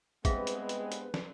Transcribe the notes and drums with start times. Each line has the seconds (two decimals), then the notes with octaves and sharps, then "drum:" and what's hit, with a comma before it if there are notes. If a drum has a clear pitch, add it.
0.25 G2 G#3 B3 C4 G#4 B4 E5 F5, drum: kick, hi-hat
0.47 drum: hi-hat
0.69 drum: hi-hat
0.92 drum: hi-hat
1.14 drum: snare